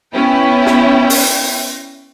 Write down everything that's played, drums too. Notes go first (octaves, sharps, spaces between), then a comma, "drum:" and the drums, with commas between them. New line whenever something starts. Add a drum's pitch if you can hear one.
B3 C#4 E4 G5
drum: snare
drum: open hi-hat